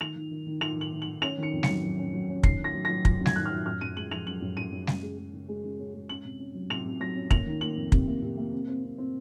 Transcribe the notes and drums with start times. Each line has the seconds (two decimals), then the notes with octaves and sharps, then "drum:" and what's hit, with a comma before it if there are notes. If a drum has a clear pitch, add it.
0.01 D#3 F7
0.16 D#3
0.31 D#3
0.46 D#3
0.61 D#3 F7
0.77 D#3 F#7
0.92 D#3
1.02 F#7
1.07 D#3
1.22 C#4 F7
1.38 D#3 C#7
1.52 F2
1.63 C#7, drum: snare G3
1.68 F#3
1.84 F#3
1.98 C#4
2.13 F#3
2.29 C#4
2.43 D#3 C7, drum: kick
2.59 D#3
2.64 A#6
2.74 F#3
2.85 F#3 A#6
3.05 F#3 A#6, drum: kick
3.20 F#2
3.26 G#6, drum: snare G3
3.35 D#3 F#6
3.45 F#3 F6
3.66 F#2 F6
3.81 F#2 D#7
3.96 G#3 F#7
4.11 F3 F7
4.27 F#2 F#7
4.41 F#2
4.57 F#2 D#7
4.72 F#2
4.87 C#3, drum: snare G3
5.02 G#3
5.18 G#3
5.33 C#3
5.48 G#3
5.64 C#3
5.79 C#4
5.94 G#3
6.09 C#4 F#7
6.24 C3
6.39 C#4
6.54 F#3
6.70 C3 F7
6.85 C3
7.00 F#3 A#6
7.16 C#4
7.31 A#3 F7, drum: kick
7.46 D#3
7.61 A#3 F#7
7.76 F2
7.92 C3, drum: kick
8.07 A#3
8.22 C3
8.37 A#3
8.53 C4
8.68 C4
8.83 C4
8.98 C4